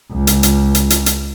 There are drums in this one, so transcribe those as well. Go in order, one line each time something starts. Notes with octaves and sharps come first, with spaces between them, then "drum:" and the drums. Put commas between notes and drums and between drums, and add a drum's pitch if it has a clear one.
C#2
drum: hi-hat
drum: hi-hat
drum: hi-hat
drum: hi-hat
drum: hi-hat